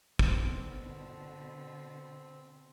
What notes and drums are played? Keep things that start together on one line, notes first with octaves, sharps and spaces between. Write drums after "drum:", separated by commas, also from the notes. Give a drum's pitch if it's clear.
B2 D3 C4, drum: kick